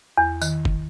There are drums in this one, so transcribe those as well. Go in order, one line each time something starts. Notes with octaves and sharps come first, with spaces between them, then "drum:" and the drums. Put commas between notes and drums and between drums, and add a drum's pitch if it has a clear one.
E2
D#3, drum: tambourine
drum: kick G1